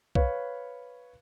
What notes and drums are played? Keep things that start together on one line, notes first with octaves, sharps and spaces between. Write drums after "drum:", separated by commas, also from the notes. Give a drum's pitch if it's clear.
B4 C#5 F5, drum: kick B1